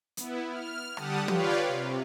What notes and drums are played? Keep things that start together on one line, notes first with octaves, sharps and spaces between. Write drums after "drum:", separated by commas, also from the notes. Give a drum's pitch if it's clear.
B3 E4, drum: hi-hat
F6
D3 G3 G4 F#5 A5 D#6, drum: rim click
F4 G4 B4 C#5 D5 F5, drum: tom
C3